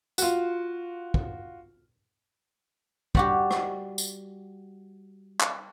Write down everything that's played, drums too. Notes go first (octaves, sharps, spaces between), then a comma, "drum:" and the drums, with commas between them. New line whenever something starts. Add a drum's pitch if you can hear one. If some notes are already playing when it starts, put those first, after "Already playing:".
F4 F#4, drum: tambourine
drum: kick
G3 F#4 G4, drum: kick
drum: rim click
drum: tambourine
drum: clap